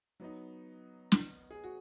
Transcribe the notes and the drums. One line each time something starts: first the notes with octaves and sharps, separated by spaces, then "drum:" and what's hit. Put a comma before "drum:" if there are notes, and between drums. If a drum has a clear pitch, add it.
F#3 B3 D#4
drum: snare
G#4
F#4